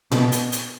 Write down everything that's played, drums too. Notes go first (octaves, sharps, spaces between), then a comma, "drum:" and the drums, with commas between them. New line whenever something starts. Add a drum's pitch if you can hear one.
B2, drum: tom A#2
drum: hi-hat
drum: hi-hat